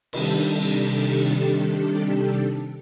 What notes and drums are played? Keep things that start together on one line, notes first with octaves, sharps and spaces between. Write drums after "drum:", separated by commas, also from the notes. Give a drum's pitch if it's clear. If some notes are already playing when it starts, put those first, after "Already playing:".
C3 D#3 G3 D4 G4 A4, drum: cymbal
drum: snare